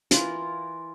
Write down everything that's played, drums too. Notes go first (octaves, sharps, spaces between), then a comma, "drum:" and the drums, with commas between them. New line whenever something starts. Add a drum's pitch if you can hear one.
E3 F4 A#4, drum: hi-hat